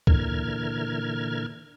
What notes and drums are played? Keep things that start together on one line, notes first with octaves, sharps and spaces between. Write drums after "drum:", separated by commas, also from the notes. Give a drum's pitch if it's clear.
A#2 D3 E3 A#4 F6 G#6, drum: kick